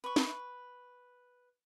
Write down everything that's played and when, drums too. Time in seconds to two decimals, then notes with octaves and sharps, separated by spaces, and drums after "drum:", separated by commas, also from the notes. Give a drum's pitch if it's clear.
0.04 B4 C#6
0.16 drum: snare